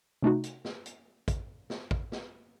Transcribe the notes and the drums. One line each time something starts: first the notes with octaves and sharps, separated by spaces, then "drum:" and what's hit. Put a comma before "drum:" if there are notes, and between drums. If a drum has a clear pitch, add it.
C3 A3 D#4 F#4
drum: hi-hat
drum: snare
drum: hi-hat
drum: kick, hi-hat
drum: snare
drum: kick
drum: snare